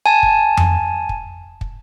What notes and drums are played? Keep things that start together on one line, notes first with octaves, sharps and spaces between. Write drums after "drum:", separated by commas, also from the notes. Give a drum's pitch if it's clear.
G#5 A5
drum: kick
drum: tom F2
drum: kick
drum: kick